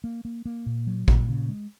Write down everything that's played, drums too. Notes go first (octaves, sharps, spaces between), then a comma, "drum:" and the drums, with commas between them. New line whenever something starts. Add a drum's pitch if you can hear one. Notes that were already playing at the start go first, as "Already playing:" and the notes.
A#3
A#3
A#3
A#2
F#3
A#2, drum: kick A1
C#3
G#3